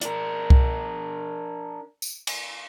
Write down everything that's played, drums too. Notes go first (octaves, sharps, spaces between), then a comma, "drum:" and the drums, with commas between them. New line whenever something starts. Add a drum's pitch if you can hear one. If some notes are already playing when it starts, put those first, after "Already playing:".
D4 A#4, drum: hi-hat
drum: kick C2
drum: tambourine
drum: cymbal